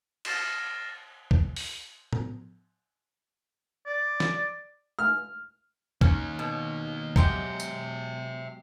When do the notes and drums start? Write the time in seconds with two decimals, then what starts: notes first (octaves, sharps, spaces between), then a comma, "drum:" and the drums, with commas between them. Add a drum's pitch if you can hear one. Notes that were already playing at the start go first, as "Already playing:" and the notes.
0.25 F6 A6 A#6 C7 E7, drum: cymbal
1.31 drum: kick C#2
1.56 drum: open hi-hat
2.13 drum: tom A2
3.87 D5
4.20 drum: snare
4.99 F6
6.01 A#3 C#4 D#4, drum: kick C#2
6.39 B2
7.16 F#3 G#3 G4 E5 G5, drum: kick C#2
7.60 drum: tambourine